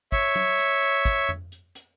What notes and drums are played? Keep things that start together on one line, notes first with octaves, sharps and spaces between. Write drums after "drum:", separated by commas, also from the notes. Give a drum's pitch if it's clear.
C#5 E5, drum: kick, hi-hat
drum: tom
drum: hi-hat
drum: hi-hat
drum: kick, hi-hat
drum: tom F2
drum: hi-hat
drum: hi-hat